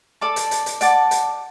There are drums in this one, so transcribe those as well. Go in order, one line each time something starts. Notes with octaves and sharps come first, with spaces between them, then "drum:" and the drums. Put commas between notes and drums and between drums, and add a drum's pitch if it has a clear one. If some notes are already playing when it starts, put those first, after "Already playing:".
A4 D5 A5 D6
drum: hi-hat
drum: hi-hat
drum: hi-hat
D5 F#5 A5 D6, drum: hi-hat
drum: hi-hat